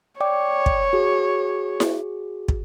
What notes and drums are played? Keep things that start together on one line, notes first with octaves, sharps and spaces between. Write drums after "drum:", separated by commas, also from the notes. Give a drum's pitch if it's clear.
C#5 D5 G5 D6
drum: kick
F#4 G#4
drum: snare E4
drum: kick